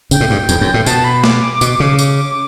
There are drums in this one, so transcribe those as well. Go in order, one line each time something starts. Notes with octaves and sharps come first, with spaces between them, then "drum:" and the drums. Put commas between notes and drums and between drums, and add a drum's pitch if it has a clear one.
C#3 G5, drum: tambourine
A2
G2
E2, drum: tambourine
F#2
A2
B2 A5, drum: tambourine
B5
D6, drum: snare
B2, drum: tambourine
C#3
D6, drum: tambourine